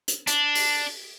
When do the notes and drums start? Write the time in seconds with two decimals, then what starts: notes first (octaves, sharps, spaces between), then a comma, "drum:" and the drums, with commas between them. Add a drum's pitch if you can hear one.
0.08 drum: hi-hat
0.27 D4, drum: hi-hat
0.55 drum: open hi-hat